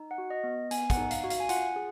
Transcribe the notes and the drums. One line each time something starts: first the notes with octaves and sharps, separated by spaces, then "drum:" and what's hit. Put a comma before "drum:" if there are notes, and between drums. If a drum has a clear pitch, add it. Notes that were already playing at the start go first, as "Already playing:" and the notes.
Already playing: D#4
F#5
F#4
D#5
B3
B3 G#5, drum: hi-hat
F#5, drum: kick, hi-hat
D#4
F5, drum: hi-hat
F#4
F5, drum: hi-hat
G#5
F4 F#5, drum: hi-hat
G#4